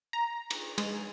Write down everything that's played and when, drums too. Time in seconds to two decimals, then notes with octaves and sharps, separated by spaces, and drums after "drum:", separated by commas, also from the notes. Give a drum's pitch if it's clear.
0.13 A#5
0.50 drum: cymbal
0.78 G#3, drum: cymbal